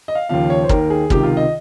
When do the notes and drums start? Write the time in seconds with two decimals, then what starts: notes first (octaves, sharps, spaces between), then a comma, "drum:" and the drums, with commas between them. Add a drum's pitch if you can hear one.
0.08 D#5
0.15 F5
0.29 D#2 C#3 F3 F5
0.50 C#5
0.63 C5
0.69 D#2 D#3 A#4, drum: kick
0.90 G#4
1.10 C#2 C3 D#3 G4, drum: kick
1.23 F4
1.37 D#5